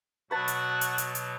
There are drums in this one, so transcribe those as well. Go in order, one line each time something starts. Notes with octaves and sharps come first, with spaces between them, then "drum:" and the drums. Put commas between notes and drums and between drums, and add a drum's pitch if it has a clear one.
B2 F#3 F#4 B4 A5
drum: hi-hat
drum: hi-hat
drum: hi-hat
drum: hi-hat